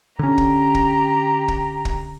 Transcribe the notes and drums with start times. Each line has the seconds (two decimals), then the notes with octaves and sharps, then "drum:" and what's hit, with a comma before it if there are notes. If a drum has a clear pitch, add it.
0.19 D3 C#4 G4 A#5
0.38 drum: kick
0.75 drum: kick
1.48 drum: kick
1.85 drum: kick